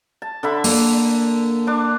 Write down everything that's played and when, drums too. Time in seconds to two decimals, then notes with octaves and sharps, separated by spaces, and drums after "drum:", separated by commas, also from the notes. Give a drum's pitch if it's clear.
0.22 A5
0.43 D3 E5 B5
0.64 A#3, drum: open hi-hat
1.67 D4 D6